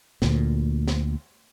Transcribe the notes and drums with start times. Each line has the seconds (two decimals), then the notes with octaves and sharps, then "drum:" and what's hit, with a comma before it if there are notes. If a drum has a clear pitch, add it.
0.22 D2 A#2, drum: snare
0.88 drum: snare